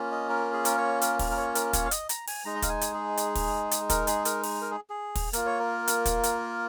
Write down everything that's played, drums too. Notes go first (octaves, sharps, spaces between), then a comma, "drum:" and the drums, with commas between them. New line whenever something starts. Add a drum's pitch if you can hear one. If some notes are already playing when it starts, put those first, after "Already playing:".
Already playing: A#3 C#4 F4
D#5
A#4
G#4
A#4, drum: hi-hat
C#5
A#4, drum: hi-hat
A#4, drum: kick, open hi-hat
A#4
C#5
A#4, drum: hi-hat
C#5, drum: kick, hi-hat
F5
D#5, drum: hi-hat
A#5, drum: hi-hat
G#5, drum: open hi-hat
G#3 D#4 A#5
D#5
F5, drum: kick, hi-hat
G#5
drum: hi-hat
G#4
drum: hi-hat
drum: kick, open hi-hat
drum: hi-hat
A#4, drum: kick, hi-hat
G#4, drum: hi-hat
A#4, drum: hi-hat
drum: open hi-hat
A#4
G#4
G#4
drum: kick, open hi-hat
A#3 F4 A#4, drum: hi-hat
C#5
A#4
drum: hi-hat
drum: kick, hi-hat
drum: hi-hat